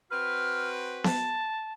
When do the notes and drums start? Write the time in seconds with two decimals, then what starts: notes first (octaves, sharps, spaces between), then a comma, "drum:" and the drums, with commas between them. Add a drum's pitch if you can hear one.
0.11 C4 F#4 B4 F6
1.04 A5, drum: snare B3